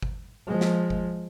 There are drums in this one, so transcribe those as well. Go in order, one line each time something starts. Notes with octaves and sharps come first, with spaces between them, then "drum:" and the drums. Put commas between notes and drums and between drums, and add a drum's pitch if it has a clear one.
drum: kick G1
F3 G#3
drum: snare
drum: kick G1